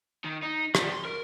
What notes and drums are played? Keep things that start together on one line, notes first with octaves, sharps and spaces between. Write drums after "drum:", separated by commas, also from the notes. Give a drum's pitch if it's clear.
D#3
D#4
F3 G3, drum: rim click
C6
A#4